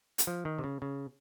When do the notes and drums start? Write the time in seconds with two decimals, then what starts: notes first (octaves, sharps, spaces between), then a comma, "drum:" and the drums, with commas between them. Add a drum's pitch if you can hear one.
0.18 drum: hi-hat
0.27 F3
0.45 D#3
0.59 C3
0.64 C#3
0.82 C#3